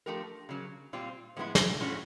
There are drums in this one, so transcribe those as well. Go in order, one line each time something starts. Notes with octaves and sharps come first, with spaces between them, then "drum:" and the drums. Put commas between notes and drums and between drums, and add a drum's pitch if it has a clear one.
F3 A3 D4 G4 A#4
C#3 F#3 A#3
A#2 G3 C4 F4
A2 F3 G#3 B3 E4
drum: snare
A2 F3 A3 C#4 F#4